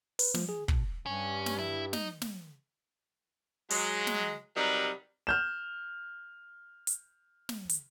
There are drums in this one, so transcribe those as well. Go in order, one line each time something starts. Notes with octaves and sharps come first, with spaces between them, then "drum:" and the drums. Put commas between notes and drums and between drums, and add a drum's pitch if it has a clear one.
B4, drum: open hi-hat
F3, drum: snare
G#4
B2, drum: kick
G2 C#4
drum: snare
E4
D#4, drum: snare
drum: snare
F#3 G#3, drum: open hi-hat
drum: snare
C3 F#3 G3 D#4 A#4 B4
F6 G6 E7
drum: hi-hat
drum: snare
drum: hi-hat